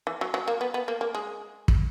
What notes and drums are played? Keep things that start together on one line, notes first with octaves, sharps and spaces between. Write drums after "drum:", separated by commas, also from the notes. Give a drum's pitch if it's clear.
E3
F#3
F#3
A#3
B3
B3
A#3
A#3
G#3
drum: kick